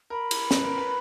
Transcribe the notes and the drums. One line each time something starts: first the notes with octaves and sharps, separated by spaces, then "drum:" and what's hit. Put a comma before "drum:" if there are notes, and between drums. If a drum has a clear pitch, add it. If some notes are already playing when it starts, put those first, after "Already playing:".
A#4 B5
drum: cymbal
B4, drum: snare
A#4
B4